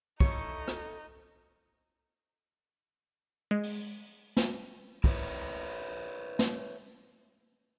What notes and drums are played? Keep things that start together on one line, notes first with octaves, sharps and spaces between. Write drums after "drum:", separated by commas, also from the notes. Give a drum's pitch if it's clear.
D3 A3 D#4 E4 C#5 C#6, drum: kick
drum: rim click
G#3
drum: open hi-hat
drum: snare
E4 A#4 B4 C#5 E5, drum: kick
drum: snare